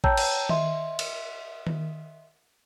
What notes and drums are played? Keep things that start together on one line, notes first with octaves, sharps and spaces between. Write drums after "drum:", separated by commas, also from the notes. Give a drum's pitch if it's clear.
C#5 G5 A5 A#5 E6 G6, drum: kick A1
drum: cymbal
D#5 E5 C6, drum: tom D#3
drum: cymbal
drum: tom D#3